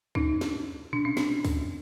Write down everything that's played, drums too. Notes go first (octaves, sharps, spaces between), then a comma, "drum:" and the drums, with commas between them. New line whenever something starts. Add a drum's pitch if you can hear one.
C#4 D#4, drum: kick
drum: snare
D4, drum: tom A#2
C#4
C4 D4, drum: snare
drum: kick, open hi-hat